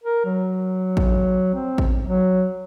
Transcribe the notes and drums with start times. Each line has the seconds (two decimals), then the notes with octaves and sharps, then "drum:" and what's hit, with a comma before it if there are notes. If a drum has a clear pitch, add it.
0.03 A#4
0.24 F#3
0.97 drum: kick A1
1.54 C4
1.78 drum: kick A1
2.05 F#3